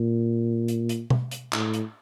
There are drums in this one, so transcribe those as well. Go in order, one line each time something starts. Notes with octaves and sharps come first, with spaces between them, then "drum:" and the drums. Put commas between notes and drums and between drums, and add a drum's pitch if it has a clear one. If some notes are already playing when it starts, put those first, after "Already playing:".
Already playing: A#2
drum: hi-hat
drum: hi-hat
drum: tom
drum: hi-hat
A2, drum: clap
drum: hi-hat